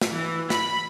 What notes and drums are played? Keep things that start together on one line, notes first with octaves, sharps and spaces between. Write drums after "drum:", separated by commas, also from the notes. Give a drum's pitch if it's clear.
drum: snare
E3
B5, drum: snare